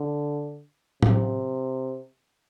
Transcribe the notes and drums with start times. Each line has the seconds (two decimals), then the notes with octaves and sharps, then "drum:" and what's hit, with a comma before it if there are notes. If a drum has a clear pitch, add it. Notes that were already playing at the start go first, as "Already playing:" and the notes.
Already playing: D3
1.03 C3, drum: tom A2